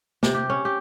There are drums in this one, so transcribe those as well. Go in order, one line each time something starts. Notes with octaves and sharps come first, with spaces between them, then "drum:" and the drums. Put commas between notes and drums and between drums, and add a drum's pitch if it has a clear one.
C3, drum: snare
G4
C#4
G4